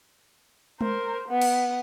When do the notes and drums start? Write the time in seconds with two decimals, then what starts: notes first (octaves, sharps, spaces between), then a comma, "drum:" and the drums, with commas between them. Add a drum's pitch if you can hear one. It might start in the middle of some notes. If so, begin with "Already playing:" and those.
0.81 A#4 C5, drum: tom G#3
1.29 B3
1.42 drum: cymbal